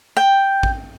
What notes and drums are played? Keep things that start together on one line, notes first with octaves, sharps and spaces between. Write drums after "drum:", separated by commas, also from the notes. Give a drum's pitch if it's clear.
G5
drum: kick A1